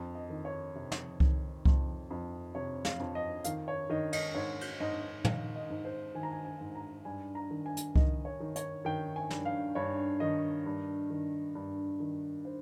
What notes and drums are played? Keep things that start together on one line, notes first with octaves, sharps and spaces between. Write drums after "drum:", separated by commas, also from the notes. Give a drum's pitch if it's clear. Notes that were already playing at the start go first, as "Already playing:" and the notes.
Already playing: F2
D#5
D#3
C#5
C3
drum: snare
D#3, drum: kick C2
F2, drum: kick C2
F2
C3 C#5
F5, drum: snare
F2
D#5
D#3 F5, drum: hi-hat
C#5
D#3 D#5
D#5, drum: cymbal
G#2 C#5
drum: cymbal
G#2 D#5
D#3 F5, drum: tom
D#5
G#2
C5
D#3 G#5
A#5
G#5
G#5
G#2
A#5
G2 G#5
A#5
D#3
G#5
drum: hi-hat
D#3 D#5, drum: kick C2
C#5
D#3
C#5, drum: hi-hat
D#3 G5
G#5
G2, drum: snare
F5
G2 C#5
D#3 D#5
G2
D#3
G2
D#3
C5